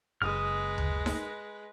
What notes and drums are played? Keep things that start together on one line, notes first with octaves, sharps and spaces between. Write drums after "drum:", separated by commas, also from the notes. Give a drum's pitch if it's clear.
F#1 G#3 B4 D#6 F6
drum: tom D2
drum: snare D#4